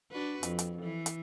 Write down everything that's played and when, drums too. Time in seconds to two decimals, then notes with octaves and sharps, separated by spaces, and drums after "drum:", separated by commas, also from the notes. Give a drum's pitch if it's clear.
0.12 D4 F#4 B4
0.43 F2, drum: hi-hat
0.59 drum: hi-hat
0.82 E3
1.06 drum: hi-hat